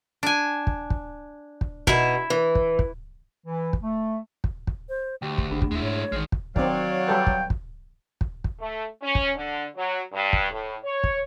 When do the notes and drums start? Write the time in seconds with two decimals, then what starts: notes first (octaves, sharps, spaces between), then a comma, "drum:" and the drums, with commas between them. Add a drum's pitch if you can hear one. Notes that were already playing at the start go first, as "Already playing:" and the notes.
0.23 D4 G#5
0.67 drum: kick
0.90 drum: kick
1.61 drum: kick
1.87 B2 D#4 E4 E5, drum: kick
2.30 E3
2.55 drum: kick
2.79 drum: kick
3.47 E3
3.73 drum: kick
3.83 A3
4.44 drum: kick
4.67 drum: kick
4.89 C5
5.22 D2 G4 G5
5.38 drum: kick
5.51 G#1 A3 D4
5.62 drum: kick
5.71 D#2 G#3 E4
5.83 G#2 C#5
6.12 A1 D#3 G#3 F6 C7
6.32 drum: kick
6.56 D#3 F#3 C4 C#5 D5 F5, drum: kick
7.08 G3 A4 B4 G5
7.27 drum: kick
7.50 drum: kick
8.21 drum: kick
8.44 drum: kick
8.60 A3
9.02 C#4
9.15 drum: kick
9.35 D3
9.76 F#3
10.14 G2
10.33 drum: kick
10.51 A2
10.84 C#5
11.04 drum: kick